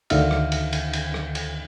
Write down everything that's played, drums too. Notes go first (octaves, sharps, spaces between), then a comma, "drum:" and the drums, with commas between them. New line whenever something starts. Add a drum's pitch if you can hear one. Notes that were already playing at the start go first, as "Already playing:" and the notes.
D2 D3 D#3 E5 F5 F6, drum: cymbal
drum: rim click
drum: cymbal
drum: cymbal
drum: cymbal
drum: rim click
drum: cymbal